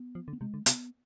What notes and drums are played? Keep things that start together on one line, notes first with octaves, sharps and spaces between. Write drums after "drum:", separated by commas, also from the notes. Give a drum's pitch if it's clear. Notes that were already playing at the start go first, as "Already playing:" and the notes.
Already playing: B3
F3
D3
B3
C3 G#3
D3
C3 B3, drum: hi-hat